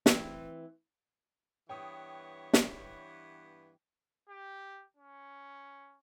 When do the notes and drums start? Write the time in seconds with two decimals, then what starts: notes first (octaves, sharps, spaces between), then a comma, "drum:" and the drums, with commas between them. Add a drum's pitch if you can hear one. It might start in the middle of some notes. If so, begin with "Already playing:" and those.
0.06 E3 C4, drum: snare
1.69 G2 E3 B3 C#5 G5 D#6
2.53 drum: snare
4.29 G4
4.97 C#4